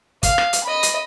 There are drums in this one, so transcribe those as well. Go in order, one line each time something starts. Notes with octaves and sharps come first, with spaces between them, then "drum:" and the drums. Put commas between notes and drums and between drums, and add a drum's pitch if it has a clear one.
F5, drum: kick, hi-hat
drum: rim click
drum: hi-hat
D#5 B5
drum: hi-hat